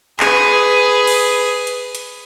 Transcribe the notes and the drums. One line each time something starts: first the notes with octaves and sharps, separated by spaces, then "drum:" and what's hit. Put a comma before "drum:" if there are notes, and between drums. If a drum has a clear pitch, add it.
G#4 B4, drum: clap
drum: cymbal
drum: hi-hat
drum: hi-hat